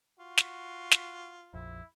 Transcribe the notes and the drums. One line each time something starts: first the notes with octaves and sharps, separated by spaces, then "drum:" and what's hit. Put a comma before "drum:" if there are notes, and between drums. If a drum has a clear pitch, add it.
F4 F#4
drum: snare
drum: snare
A#1 F2 E4